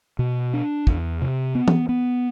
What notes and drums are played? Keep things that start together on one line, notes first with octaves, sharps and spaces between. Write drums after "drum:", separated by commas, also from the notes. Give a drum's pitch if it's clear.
B2
D4
E2, drum: kick
C3
B3
drum: tom E3
B3